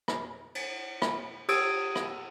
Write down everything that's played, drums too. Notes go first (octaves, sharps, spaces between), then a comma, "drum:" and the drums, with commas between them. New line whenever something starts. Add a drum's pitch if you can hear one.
drum: rim click
drum: cymbal
drum: rim click
G4 D#6 E6 G#6 D7, drum: cymbal
drum: rim click